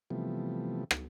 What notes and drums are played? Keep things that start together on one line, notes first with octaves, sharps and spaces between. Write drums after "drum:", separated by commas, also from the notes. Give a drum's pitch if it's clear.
C3 E3 F3 G3 A3 B3
drum: rim click